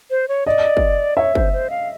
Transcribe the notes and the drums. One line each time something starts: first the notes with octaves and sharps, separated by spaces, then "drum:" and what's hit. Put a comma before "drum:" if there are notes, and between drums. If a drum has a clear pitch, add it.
C5
C#5
D5 D#5
drum: kick
C#5 E5
C5, drum: kick
C5
F5